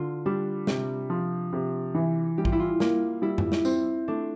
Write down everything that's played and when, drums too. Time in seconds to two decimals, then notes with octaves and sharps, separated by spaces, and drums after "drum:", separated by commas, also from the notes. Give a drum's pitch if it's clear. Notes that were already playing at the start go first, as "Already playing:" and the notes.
Already playing: D3 F4
0.26 G3 D4
0.67 C3, drum: snare
1.10 F3
1.53 C3
1.95 E3
2.38 G3 G4
2.45 F4, drum: kick A1
2.52 E4
2.60 F4
2.80 A#3, drum: snare
3.22 G3 E4
3.38 drum: tom F2
3.52 drum: snare
3.65 C4, drum: tambourine
4.08 A3 D4